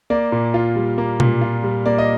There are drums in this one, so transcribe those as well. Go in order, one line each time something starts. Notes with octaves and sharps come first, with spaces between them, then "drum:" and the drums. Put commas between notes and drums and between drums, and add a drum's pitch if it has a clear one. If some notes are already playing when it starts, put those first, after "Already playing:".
A#3 D5
A#2
F4
G3
A#3
A#2, drum: tom B2
F4
G3
A#3 D5
D#5